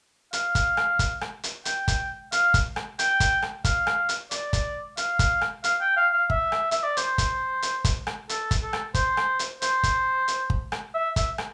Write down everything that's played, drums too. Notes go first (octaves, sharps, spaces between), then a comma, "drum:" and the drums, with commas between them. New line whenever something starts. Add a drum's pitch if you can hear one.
F5, drum: hi-hat
drum: kick, hi-hat
drum: rim click
drum: kick, hi-hat
drum: rim click
drum: hi-hat
G5, drum: hi-hat
drum: kick, hi-hat
F5, drum: hi-hat
drum: kick, hi-hat
drum: rim click
G5, drum: hi-hat
drum: kick, hi-hat
drum: rim click
F5, drum: kick, hi-hat
drum: rim click
drum: hi-hat
D5, drum: hi-hat
drum: kick, hi-hat
F5, drum: hi-hat
drum: kick, hi-hat
drum: rim click
F5, drum: hi-hat
G5
F5
F5
E5, drum: kick
drum: rim click
E5, drum: hi-hat
D5
C5, drum: hi-hat
drum: kick, hi-hat
drum: hi-hat
drum: kick, hi-hat
drum: rim click
A4, drum: hi-hat
drum: kick, hi-hat
A4
drum: rim click
C5, drum: kick, hi-hat
drum: rim click
drum: hi-hat
C5, drum: hi-hat
drum: kick, hi-hat
drum: hi-hat
drum: kick
drum: rim click
E5
E5, drum: kick, hi-hat
drum: rim click